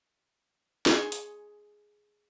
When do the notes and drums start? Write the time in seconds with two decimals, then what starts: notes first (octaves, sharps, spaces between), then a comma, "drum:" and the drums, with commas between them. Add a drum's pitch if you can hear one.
0.86 G#4 G#5 C6 C#6, drum: snare
1.12 drum: hi-hat